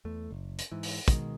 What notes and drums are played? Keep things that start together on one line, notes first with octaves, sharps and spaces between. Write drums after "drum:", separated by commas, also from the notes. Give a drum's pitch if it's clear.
E2 A3
F#1
drum: hi-hat
G#2 E3
drum: open hi-hat
B2 D#3 G#3, drum: kick, hi-hat